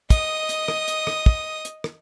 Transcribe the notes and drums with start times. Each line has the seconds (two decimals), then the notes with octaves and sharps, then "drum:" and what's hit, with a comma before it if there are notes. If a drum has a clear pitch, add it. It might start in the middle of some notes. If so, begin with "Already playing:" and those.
0.10 D#5 D#6, drum: kick, hi-hat
0.49 drum: hi-hat
0.68 drum: rim click
0.88 drum: hi-hat
1.07 drum: rim click
1.26 drum: kick
1.65 drum: hi-hat
1.84 drum: rim click